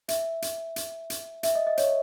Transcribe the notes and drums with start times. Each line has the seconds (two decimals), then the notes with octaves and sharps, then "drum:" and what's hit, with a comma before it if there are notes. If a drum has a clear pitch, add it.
0.08 E5, drum: hi-hat
0.42 drum: hi-hat
0.76 drum: hi-hat
1.10 drum: hi-hat
1.43 E5, drum: hi-hat
1.55 D#5
1.67 D#5
1.77 C#5, drum: hi-hat